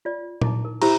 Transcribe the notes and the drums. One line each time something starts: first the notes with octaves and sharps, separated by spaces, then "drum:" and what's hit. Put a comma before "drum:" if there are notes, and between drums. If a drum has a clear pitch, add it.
F4 D5
D#4 E4 D6, drum: tom A#2
A#4
E4 G4 C5 A#5 B5, drum: cymbal